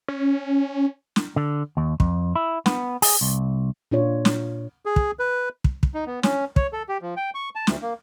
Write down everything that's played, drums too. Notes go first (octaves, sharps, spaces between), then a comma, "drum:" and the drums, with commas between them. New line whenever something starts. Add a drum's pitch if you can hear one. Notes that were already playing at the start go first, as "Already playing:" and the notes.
C#4
drum: snare
D3
D#2
F2, drum: kick
E4
B3, drum: snare
G#4, drum: open hi-hat
C2
A#2 D4 F4 C#5
drum: snare
G#4
drum: kick
B4
drum: kick
drum: kick
D#4
B3
C#4, drum: snare
C#5, drum: kick
A4
G4
F3
G5
C#6
A5
D2, drum: snare
A#3